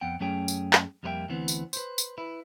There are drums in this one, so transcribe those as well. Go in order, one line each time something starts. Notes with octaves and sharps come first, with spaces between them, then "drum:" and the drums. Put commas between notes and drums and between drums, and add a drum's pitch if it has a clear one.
F2 B3 F#5 G5
F#2 F#3 A3 C#4 G#4 G5
drum: tambourine
drum: clap
F2 G3 A#3 B4 E5 G5
D2 E3 B3 C4
drum: tambourine
B4 C5, drum: tambourine
drum: tambourine
E4 B4